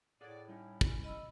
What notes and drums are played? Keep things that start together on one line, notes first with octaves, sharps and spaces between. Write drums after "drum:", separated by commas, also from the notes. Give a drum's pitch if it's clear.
A2 G#4 A4 C#5 D5 F#5
G3 C#4 D#4 E4
drum: kick
D#5 B5 E6